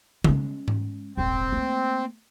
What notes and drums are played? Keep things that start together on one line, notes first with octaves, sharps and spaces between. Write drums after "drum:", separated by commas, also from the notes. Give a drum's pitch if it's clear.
G#3 C#4, drum: tom C#3
drum: tom G#2
D#1 G#1 C4
A3 A#3